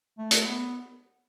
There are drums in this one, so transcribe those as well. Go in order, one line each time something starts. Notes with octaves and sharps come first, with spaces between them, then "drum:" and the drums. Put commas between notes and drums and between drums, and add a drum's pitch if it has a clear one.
A3
drum: hi-hat
B3